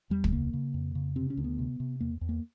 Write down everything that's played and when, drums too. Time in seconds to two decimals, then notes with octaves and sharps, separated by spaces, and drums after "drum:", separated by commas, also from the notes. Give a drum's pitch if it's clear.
0.10 E2 G3
0.24 A3, drum: kick
0.32 C#3 A#3
0.53 C#3
0.74 F2
0.95 C#3
1.16 C3 C4
1.30 C#4
1.37 D2
1.44 B3
1.59 C3
1.80 C3
2.00 E2 A#3
2.21 E2
2.29 A#3